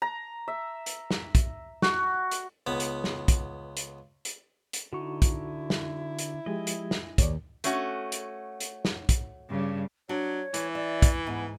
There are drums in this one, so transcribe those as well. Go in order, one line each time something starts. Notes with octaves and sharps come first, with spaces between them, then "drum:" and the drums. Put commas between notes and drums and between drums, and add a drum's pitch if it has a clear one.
A#5
E5
drum: hi-hat
drum: snare
drum: kick, hi-hat
F#4, drum: snare
drum: hi-hat
C#2 B3 D#6
drum: hi-hat
drum: snare
drum: kick, hi-hat
drum: hi-hat
drum: hi-hat
drum: hi-hat
D3 D#4 E4 F#4 C#6
drum: kick, hi-hat
drum: snare
drum: hi-hat
F3 G#3 G4 D#5 G#5
drum: hi-hat
drum: snare
D#2 C#5 D5, drum: kick, hi-hat
A3 C#4 F#4, drum: hi-hat
drum: hi-hat
drum: hi-hat
drum: snare
drum: kick, hi-hat
G2 C#3
F#3 D4 C#5
E3 A3, drum: hi-hat
D5 E5
drum: kick, hi-hat
G#2 B3 G#5